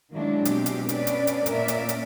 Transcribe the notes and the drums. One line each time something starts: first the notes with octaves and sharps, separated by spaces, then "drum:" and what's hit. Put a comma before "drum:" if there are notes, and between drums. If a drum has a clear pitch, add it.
D#3 F#3 G#3 A#3 D4 E4
B2 C4 G4, drum: hi-hat
drum: hi-hat
B3 C#4 D4 B4 D5, drum: hi-hat
drum: hi-hat
drum: hi-hat
A#2 A#3 C#4 A#4 D5 E5, drum: hi-hat
drum: hi-hat
drum: hi-hat